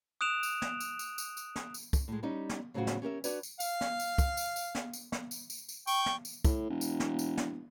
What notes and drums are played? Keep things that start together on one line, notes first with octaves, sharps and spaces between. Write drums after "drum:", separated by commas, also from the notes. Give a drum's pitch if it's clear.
D#6 F#6 D7 E7 F7
drum: tambourine
drum: snare
drum: tambourine
drum: tambourine
drum: tambourine
drum: tambourine
drum: snare
drum: tambourine
drum: kick, tambourine
A2 G#3
G3 C#4 D#4
drum: snare
A2 C#3 F#3 C4 F4 F#4
drum: snare
C#4 G4 A#4 E5
D4 F#4 B4 C#5 D5, drum: tambourine
drum: tambourine
F5, drum: tambourine
drum: snare
drum: tambourine
drum: kick, tambourine
drum: tambourine
drum: tambourine
drum: snare
drum: tambourine
drum: snare
drum: tambourine
drum: tambourine
drum: tambourine
G5 C#6, drum: tambourine
drum: snare
drum: tambourine
A2, drum: kick, tambourine
E1
drum: tambourine
drum: snare
drum: tambourine
drum: snare